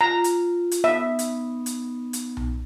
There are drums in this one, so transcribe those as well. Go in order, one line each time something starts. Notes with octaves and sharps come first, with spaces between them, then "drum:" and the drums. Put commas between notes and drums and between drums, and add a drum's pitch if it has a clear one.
F4 A#5
drum: hi-hat
drum: hi-hat
B3 D#4 E5
drum: hi-hat
drum: hi-hat
drum: hi-hat
drum: tom B1